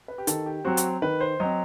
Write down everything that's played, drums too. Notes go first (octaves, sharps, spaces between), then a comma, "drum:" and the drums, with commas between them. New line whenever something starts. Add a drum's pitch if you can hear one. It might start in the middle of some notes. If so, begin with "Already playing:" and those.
B4
G4
D#3 A4, drum: hi-hat
G4
F#3 C4 F#4
drum: hi-hat
D#3 B4
C5
F#3 C4 D#5